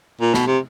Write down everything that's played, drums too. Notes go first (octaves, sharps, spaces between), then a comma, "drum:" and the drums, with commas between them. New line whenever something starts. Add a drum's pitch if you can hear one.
A#2
B2, drum: snare
C3